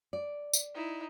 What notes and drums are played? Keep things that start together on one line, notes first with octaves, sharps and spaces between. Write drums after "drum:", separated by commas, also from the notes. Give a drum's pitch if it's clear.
D5
drum: tambourine
D#4 E4